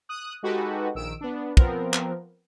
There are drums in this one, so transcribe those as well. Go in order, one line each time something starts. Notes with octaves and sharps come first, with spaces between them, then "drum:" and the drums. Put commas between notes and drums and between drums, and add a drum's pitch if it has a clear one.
D#6 F#6
G#3 D#4 F#4 G4 A4 B4
A#1 D#3 E6 D7
B3 D4
F3 B3 C4 A#4, drum: kick
drum: clap